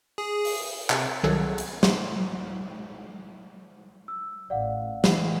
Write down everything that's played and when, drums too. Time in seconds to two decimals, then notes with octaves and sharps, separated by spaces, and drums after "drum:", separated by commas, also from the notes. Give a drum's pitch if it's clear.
0.18 G#4
0.45 drum: open hi-hat
0.90 C3, drum: clap
1.23 C2 D#3 F#3 G#4 A4 G#6
1.58 drum: hi-hat
1.83 C6, drum: snare
4.08 E6
4.50 A1 D5 F5 F#5
5.04 E3 G#3, drum: snare